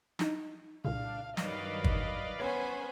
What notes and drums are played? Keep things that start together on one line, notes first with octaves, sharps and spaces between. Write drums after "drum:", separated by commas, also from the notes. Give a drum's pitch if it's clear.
D4 D#4 D#5, drum: snare
C2 A#2 C#3 D4 F5
G2 D#3 F#3 B4 D5 D#5 F5, drum: snare
drum: kick G1
B3 C#4 C5 C#5 G#5 B5